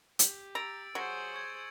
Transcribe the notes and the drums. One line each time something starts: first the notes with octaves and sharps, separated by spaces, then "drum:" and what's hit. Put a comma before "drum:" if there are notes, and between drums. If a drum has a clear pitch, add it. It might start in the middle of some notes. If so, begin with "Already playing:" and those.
G4, drum: hi-hat
A#5 E6 A6 D7
F#3 G#4 C5 C#6 C#7 F#7
C#6 G#6